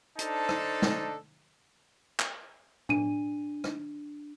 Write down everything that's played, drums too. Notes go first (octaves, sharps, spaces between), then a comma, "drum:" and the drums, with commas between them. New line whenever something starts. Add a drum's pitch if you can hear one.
D4 D#4 A4 C5 A5, drum: hi-hat
drum: rim click
drum: snare
drum: clap
D4 D#7, drum: tom
drum: rim click